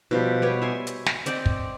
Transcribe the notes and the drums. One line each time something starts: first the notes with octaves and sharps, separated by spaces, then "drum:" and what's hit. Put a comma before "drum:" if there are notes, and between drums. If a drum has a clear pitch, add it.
B2 F3 G3
B3 G4 C#5
E5 G#5 C6
drum: hi-hat
drum: snare
C4 D5 D#5 G5, drum: hi-hat
drum: kick